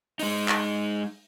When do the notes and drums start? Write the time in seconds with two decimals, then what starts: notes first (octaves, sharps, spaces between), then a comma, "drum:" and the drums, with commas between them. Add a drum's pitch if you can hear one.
0.19 G#3 D#4, drum: open hi-hat
0.48 drum: clap